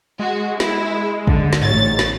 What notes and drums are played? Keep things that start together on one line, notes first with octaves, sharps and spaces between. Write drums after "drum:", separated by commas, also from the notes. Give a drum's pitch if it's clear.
G#3 F#4
E4, drum: snare
D3, drum: kick
drum: snare
A1 G#2 C#5 A6
drum: snare